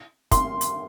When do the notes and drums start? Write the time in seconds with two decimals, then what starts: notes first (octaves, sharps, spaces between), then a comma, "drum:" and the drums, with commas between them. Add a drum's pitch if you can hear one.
0.31 C6, drum: kick, hi-hat
0.61 drum: hi-hat